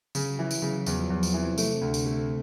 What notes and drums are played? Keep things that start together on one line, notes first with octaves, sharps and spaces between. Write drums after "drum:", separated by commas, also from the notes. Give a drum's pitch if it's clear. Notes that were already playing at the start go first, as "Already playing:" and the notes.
C#3 F#3, drum: tambourine
E3
drum: tambourine
C#3
E2 F3, drum: tambourine
E2
C3, drum: tambourine
E3
C3 A3, drum: tambourine
D2
drum: tambourine
A3